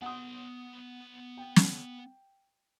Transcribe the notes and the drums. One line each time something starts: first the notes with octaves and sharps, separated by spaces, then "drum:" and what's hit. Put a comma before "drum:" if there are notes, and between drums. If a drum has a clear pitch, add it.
B3 F#5 C6 D#6
G5
drum: snare